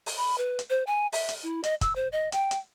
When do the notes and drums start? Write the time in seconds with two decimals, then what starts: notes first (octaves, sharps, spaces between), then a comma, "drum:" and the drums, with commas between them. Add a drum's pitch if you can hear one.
0.06 drum: open hi-hat
0.17 B5
0.38 B4
0.59 drum: hi-hat
0.70 C5
0.87 G#5
1.12 E5, drum: open hi-hat
1.29 drum: hi-hat
1.43 E4
1.64 D#5, drum: hi-hat
1.81 E6, drum: kick, hi-hat
1.95 C5
2.12 D#5
2.32 G5, drum: hi-hat
2.51 drum: hi-hat